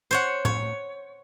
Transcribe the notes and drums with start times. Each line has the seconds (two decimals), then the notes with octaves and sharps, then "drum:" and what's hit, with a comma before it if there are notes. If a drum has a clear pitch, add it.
0.11 C5 C#5 F#5
0.45 C#5, drum: tom A2